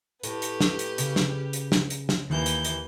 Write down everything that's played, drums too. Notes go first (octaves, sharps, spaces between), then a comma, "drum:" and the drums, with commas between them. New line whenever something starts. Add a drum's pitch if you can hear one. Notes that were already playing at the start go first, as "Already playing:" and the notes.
A2 G4 B4, drum: hi-hat
drum: hi-hat
drum: snare
drum: hi-hat
C#3, drum: hi-hat
drum: snare
drum: hi-hat
drum: snare
drum: hi-hat
drum: snare
D#2 D#3 E3 G6
drum: hi-hat
drum: hi-hat